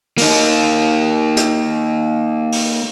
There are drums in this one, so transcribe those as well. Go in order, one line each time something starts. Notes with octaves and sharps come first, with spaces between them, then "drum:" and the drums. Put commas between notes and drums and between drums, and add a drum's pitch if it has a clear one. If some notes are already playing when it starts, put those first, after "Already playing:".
A#3 D#4, drum: open hi-hat
drum: hi-hat
drum: open hi-hat